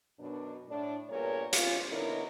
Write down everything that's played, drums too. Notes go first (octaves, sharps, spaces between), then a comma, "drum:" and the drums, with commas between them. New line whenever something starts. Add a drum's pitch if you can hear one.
F#2 B2 D4
A2 D4
G2 A#2 B3 G#4 A#4 C#5
C#4 F4, drum: hi-hat
B2 D3 D#4 E4 A#4 C#5